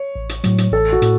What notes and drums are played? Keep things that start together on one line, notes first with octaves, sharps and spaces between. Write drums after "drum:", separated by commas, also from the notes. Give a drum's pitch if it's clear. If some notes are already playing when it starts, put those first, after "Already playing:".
Already playing: C#5
A1
drum: hi-hat
A2 F#3, drum: hi-hat
drum: hi-hat
A1 A4
F#4
A2, drum: hi-hat